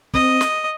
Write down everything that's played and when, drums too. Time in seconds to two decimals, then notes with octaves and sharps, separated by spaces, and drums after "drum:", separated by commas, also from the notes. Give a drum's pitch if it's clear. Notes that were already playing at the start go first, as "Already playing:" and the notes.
0.14 C4 D#5, drum: kick
0.41 drum: snare